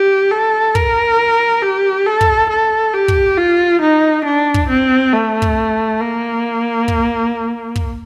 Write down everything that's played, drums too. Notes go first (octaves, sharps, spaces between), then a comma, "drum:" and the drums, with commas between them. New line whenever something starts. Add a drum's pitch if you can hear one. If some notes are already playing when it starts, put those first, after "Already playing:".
Already playing: G4
A4
A#4, drum: kick
G4
A4
drum: kick
A4
G4
drum: kick
F4
D#4
D4
drum: kick
C4
A3
drum: kick
A#3
drum: kick
drum: kick